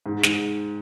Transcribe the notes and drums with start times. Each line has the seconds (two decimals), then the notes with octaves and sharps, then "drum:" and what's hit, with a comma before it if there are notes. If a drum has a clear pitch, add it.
0.06 G#2
0.23 G#2, drum: snare